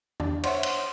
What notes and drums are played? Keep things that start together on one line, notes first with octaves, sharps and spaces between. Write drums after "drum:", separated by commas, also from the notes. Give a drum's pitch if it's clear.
D4, drum: tom E2
C5 C#5 E5 F#5 C6, drum: cymbal
drum: cymbal